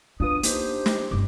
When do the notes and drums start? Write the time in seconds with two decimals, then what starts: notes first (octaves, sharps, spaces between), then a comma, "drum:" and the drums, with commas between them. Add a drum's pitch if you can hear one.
0.20 B3 D4 F4 B4 D#6
0.43 A#3 D4 D#4 G4 C5, drum: hi-hat
0.86 drum: snare
1.11 G1 G2 D6